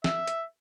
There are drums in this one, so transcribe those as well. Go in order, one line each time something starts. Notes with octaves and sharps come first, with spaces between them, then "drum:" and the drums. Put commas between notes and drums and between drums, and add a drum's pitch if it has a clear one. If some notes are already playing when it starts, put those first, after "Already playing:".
E5, drum: snare
drum: hi-hat